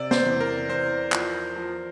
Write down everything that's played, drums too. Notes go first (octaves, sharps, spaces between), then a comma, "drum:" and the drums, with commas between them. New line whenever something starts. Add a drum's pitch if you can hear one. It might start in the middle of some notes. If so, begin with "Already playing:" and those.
Already playing: C3 D5
C5, drum: snare
E2
A#4
E2 C5
F3, drum: clap
F3